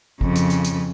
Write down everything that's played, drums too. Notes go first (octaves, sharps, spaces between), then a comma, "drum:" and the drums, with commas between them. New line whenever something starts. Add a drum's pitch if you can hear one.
F2 C#3, drum: kick
drum: hi-hat
drum: hi-hat
drum: hi-hat